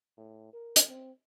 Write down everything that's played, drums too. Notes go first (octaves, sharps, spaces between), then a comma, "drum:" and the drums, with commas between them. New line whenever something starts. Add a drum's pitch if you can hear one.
A2
A#4
drum: hi-hat
C4